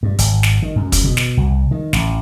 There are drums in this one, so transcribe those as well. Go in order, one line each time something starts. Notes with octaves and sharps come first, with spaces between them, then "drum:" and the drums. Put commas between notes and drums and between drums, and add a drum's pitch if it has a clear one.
G2
G#1, drum: hi-hat
drum: snare
D#3
F#2
drum: kick, hi-hat
B2
drum: snare
C2
D#3
A1, drum: snare